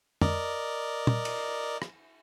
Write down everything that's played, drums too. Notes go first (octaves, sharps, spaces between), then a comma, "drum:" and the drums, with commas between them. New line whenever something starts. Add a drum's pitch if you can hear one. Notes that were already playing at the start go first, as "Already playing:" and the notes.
A#4 D5 D#5, drum: tom
drum: tom
drum: cymbal
drum: rim click